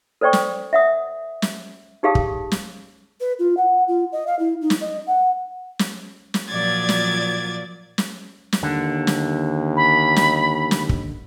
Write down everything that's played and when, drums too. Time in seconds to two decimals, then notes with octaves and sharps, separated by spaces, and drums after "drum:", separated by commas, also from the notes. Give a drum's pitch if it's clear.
0.21 A4 C5 D5 G5 C#6
0.33 drum: snare
0.73 E5 F#5 D#6
1.42 drum: snare
2.03 D#4 G4 G#4 F5 A5 D#6
2.15 drum: kick
2.52 drum: snare
3.20 B4
3.39 F4
3.57 F#5
3.88 F4
4.12 D#5
4.26 F5
4.39 E4
4.61 D#4
4.70 drum: snare
4.81 D#5
5.06 F#5
5.79 drum: snare
6.34 drum: snare
6.48 A#2 F3 F#3 D5 G#6 A6
6.89 drum: snare
7.98 drum: snare
8.53 drum: snare
8.63 D#2 D3
9.07 drum: snare
9.76 B5
10.16 drum: snare
10.71 drum: snare
10.89 drum: kick